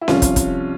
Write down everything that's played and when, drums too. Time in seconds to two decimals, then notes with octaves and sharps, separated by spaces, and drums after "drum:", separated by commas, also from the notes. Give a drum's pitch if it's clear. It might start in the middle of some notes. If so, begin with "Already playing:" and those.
0.01 E4
0.08 C2 C3 F3 C#4 F4, drum: snare C#4
0.22 drum: kick, hi-hat
0.36 drum: kick, hi-hat